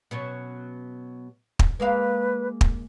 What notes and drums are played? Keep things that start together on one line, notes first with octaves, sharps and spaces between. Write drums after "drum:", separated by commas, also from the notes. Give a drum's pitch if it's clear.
B2 F#3 C#4
drum: kick
G#3 A#3 B4 F5
drum: kick